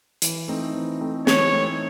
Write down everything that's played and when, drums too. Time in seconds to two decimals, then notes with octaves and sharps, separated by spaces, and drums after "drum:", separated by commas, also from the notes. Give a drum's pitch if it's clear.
0.22 E3, drum: hi-hat
0.48 A3 C4 D#4
0.74 E3
1.01 A3 C4 D#4
1.27 E3 C#5, drum: snare
1.54 A3 C4 D#4